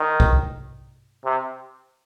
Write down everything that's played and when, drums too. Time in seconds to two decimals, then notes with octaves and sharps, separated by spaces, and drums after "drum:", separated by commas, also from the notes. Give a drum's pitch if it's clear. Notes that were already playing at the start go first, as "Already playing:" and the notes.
Already playing: D#3
0.20 drum: kick B1
1.25 C3